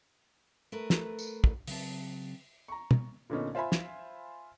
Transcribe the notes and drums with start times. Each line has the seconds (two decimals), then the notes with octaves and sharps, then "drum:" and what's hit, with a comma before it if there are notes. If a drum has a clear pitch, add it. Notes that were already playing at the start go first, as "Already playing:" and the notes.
0.72 A3 A#4 B4
0.90 drum: snare
1.19 drum: tambourine
1.44 drum: kick
1.67 C#3 F#3 C4 A5, drum: open hi-hat
2.68 A#5 C#6
2.91 drum: tom
3.30 A#2 D3 B3 C#4 D#4
3.55 F4 C5 E5 G#5 B5
3.72 drum: snare